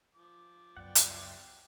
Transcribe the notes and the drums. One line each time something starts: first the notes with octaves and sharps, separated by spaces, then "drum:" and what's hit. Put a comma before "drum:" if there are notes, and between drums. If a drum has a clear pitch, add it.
F3 D6
C#2 F#2 B3 D5 F#5 G5
drum: hi-hat